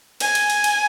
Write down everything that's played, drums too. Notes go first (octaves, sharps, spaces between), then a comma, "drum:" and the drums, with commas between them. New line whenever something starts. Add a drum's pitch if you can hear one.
G#5, drum: cymbal
drum: cymbal
drum: cymbal
drum: cymbal